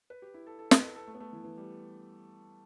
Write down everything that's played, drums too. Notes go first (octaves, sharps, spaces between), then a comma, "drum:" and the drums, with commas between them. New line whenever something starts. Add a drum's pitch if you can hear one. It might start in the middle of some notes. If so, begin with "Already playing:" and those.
B4
G4
E4
A4
A4
B4, drum: snare
A4
A4
A3
B3
A3
E3
E3
G3